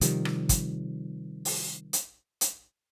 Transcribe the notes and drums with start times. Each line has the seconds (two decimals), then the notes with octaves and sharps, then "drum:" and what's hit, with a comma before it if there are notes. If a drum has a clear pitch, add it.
0.01 C3 D#3 F3 G3, drum: hi-hat
0.25 drum: rim click
0.49 drum: kick, hi-hat
1.45 drum: open hi-hat
1.93 drum: hi-hat
2.41 drum: hi-hat